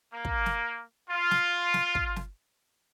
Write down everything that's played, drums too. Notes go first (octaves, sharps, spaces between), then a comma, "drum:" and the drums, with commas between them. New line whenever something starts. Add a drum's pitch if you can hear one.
A#3
drum: kick
drum: snare
F4
drum: snare
drum: snare
drum: kick
drum: snare